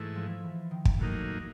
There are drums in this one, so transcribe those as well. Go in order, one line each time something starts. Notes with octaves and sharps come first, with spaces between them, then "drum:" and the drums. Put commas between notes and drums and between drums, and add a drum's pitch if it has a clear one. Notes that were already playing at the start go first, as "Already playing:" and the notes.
Already playing: G#2 E3 A3
F3
E3
D#3
drum: kick
A2 F#3 A#3 D#4